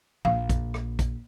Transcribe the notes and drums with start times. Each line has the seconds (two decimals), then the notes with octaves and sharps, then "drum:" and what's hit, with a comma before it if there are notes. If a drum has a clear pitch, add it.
0.25 A#1 F5, drum: tom
0.49 drum: kick, hi-hat
0.74 drum: rim click
0.99 drum: kick, hi-hat